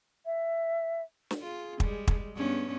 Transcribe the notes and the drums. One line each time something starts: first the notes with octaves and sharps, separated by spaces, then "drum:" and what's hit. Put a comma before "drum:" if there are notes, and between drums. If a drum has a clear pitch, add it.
E5
drum: snare
F4 G#4
G3 G#3, drum: kick
drum: kick
G2 B3 C#4